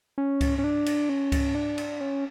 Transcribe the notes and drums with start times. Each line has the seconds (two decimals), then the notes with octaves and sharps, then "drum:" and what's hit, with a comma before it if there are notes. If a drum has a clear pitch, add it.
0.18 C#4
0.41 drum: kick C#2, cymbal
0.58 C#4
0.64 D4
0.86 drum: cymbal
1.09 C#4
1.32 drum: kick C#2, cymbal
1.55 D4
1.78 drum: cymbal
2.01 C#4